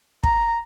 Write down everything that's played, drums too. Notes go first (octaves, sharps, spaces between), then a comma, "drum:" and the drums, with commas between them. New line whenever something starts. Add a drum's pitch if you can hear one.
A#5, drum: kick